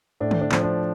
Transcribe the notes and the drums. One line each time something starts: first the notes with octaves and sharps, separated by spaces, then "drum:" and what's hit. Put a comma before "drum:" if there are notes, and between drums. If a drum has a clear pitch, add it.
A2 D4
drum: tom D3
D4
F3, drum: clap
D4